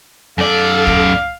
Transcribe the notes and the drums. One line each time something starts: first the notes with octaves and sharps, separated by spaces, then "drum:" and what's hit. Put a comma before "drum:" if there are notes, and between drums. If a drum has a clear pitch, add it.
F#2 A4 D5 F5
drum: kick